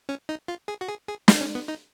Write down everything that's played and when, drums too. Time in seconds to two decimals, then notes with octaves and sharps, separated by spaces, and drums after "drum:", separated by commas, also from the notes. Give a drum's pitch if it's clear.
0.09 C#4
0.29 D#4
0.48 F4
0.68 G#4
0.81 F#4
0.88 G#4
1.08 G#4
1.28 F4, drum: snare
1.41 C#4
1.55 B3
1.68 D#4